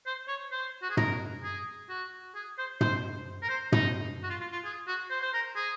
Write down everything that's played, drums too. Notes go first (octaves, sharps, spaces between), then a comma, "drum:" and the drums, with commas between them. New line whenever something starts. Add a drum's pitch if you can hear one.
C5
C#5
C5
F#4
G#4
A#4, drum: tom
G#4
F#4
G#4
C5
C5, drum: tom
A#4
C5
D#4, drum: tom
F#4
F4
F4
F4
G#4
F#4
C5
C5
A#4
G#4